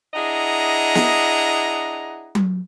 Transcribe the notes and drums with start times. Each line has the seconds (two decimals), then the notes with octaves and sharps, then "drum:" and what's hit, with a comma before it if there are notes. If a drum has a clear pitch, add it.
0.14 D4 E4 G#4 D#5 F#5 A#5
0.95 drum: snare
2.35 drum: tom F#3